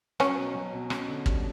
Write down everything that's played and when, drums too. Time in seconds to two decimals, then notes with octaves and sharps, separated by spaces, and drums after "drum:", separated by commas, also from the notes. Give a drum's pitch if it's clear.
0.20 F#3 C#4, drum: rim click
0.37 B2
0.55 F#3
0.73 B2
0.90 C#4, drum: rim click
1.08 D3
1.26 G3, drum: kick